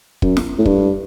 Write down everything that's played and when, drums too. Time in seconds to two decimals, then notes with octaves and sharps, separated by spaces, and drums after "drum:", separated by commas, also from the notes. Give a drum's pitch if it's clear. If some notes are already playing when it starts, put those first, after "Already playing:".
0.22 F#2, drum: kick
0.37 drum: snare
0.58 A2
0.65 G2, drum: kick